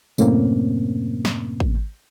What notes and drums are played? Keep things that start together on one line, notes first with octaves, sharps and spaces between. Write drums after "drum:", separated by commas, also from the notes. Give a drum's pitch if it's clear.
F#2 A2 C3 A#3 C4 C#4, drum: tambourine
drum: snare
drum: kick